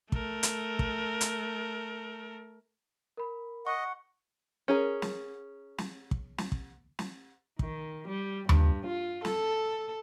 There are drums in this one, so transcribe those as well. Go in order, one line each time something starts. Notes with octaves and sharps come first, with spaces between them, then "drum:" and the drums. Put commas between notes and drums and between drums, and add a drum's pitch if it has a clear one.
A3 A#4, drum: kick
drum: hi-hat
drum: kick
drum: hi-hat
A#4 B5
D#5 F#5 C#6
C#4 G#4 A#4
drum: snare
drum: snare
drum: kick
drum: snare
drum: kick
drum: snare
D#3, drum: kick
G3
G2, drum: tom D#2
F4
A4, drum: snare